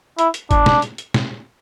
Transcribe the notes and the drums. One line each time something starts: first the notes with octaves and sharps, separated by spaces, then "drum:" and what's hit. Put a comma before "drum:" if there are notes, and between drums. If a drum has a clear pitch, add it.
E4, drum: hi-hat
drum: hi-hat
D4, drum: kick G1, hi-hat
drum: snare
drum: hi-hat
drum: hi-hat
drum: snare